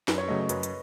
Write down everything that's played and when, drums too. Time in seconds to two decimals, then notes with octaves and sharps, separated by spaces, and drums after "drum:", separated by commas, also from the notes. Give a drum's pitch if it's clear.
0.08 F#2 B4, drum: snare
0.18 C#5
0.28 C#3 F#3 A3 D#5
0.40 C#5
0.49 F#2 B4, drum: hi-hat
0.63 drum: hi-hat